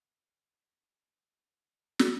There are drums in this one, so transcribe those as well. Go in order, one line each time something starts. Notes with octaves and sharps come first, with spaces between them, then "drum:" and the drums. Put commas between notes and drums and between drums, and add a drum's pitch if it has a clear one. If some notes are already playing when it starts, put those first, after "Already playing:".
Already playing: C4 D5
F5
F#5
G#5
A5
drum: snare